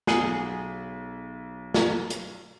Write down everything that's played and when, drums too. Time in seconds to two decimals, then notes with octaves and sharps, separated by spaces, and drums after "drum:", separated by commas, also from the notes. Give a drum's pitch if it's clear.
0.07 B1 G#4 F#5 G#5, drum: snare
1.74 drum: snare
2.10 drum: hi-hat